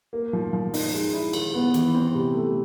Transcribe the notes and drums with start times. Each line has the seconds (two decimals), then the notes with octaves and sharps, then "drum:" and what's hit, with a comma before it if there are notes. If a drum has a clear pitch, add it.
0.13 A#3
0.33 F3
0.53 F3
0.74 D#4, drum: open hi-hat
0.94 G#3
1.13 E4
1.33 D#3, drum: cymbal
1.54 B3
1.74 E3, drum: hi-hat
1.95 C4
2.15 C3
2.35 A3